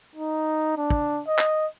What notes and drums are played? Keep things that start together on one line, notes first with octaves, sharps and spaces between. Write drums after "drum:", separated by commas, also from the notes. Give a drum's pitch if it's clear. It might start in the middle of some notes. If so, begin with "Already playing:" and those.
D#4
D4
drum: kick
D#5
drum: clap